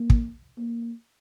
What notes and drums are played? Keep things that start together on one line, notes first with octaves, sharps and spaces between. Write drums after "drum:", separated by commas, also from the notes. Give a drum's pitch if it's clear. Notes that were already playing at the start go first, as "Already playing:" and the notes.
Already playing: A#3
drum: kick
A#3